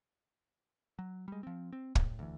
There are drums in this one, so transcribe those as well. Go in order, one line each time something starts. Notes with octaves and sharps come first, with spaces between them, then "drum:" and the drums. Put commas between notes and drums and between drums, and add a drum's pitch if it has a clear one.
F#3
G3 G#3
F3 C4
C4
A2, drum: kick
D2 E3